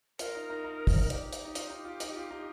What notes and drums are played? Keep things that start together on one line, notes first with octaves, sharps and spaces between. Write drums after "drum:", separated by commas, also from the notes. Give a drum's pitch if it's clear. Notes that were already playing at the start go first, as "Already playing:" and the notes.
F4 A#4, drum: hi-hat
D#4
D#4
D#4
drum: kick, open hi-hat
G4, drum: hi-hat
drum: hi-hat
D#4
F4, drum: hi-hat
D#4
F4
D#4, drum: hi-hat
F4
D#4